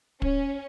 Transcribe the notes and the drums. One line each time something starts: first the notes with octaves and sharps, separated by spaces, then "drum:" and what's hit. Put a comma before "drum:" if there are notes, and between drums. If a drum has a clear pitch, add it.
C#4, drum: kick